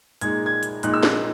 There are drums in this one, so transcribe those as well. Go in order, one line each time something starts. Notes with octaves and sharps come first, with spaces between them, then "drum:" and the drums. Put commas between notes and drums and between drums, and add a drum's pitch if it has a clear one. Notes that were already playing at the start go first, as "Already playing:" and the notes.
A#2 G#3 D#4 G#6, drum: hi-hat
G#6
drum: hi-hat
A#2 G#3 D#4 F#6, drum: hi-hat
E6
F#6, drum: snare